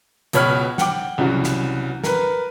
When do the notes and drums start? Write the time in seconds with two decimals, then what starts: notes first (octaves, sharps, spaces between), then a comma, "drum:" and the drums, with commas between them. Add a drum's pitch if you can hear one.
0.33 C#2 B2 C#5 B5 F6, drum: hi-hat
0.78 F#5 G5 D6, drum: snare
1.18 C2 C#3 E3 F#3
1.44 drum: snare
2.04 A#4 B4, drum: snare